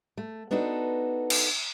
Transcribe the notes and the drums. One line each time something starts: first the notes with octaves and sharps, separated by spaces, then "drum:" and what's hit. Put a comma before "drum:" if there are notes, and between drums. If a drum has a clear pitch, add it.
A3
B3 D4 D#4 F#4 A4
drum: cymbal